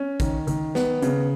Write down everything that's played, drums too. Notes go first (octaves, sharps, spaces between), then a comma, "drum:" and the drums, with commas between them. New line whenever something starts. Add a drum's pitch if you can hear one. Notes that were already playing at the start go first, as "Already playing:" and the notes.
Already playing: C#4
D#3, drum: kick, hi-hat
D#3, drum: hi-hat
B3, drum: snare
C#3, drum: hi-hat